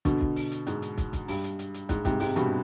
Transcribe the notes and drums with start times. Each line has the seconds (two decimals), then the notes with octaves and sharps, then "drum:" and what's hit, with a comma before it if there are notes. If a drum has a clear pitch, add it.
0.05 B2 D3, drum: kick, hi-hat
0.21 drum: kick
0.36 drum: open hi-hat
0.52 drum: hi-hat
0.67 G#2, drum: hi-hat
0.82 drum: hi-hat
0.98 drum: kick, hi-hat
1.13 drum: kick, hi-hat
1.28 G2, drum: open hi-hat
1.44 drum: hi-hat
1.59 drum: hi-hat
1.74 drum: hi-hat
1.89 G#2, drum: kick, hi-hat
2.05 G#2 C3, drum: kick, hi-hat
2.20 G#2 C3, drum: open hi-hat
2.36 G2 B2, drum: hi-hat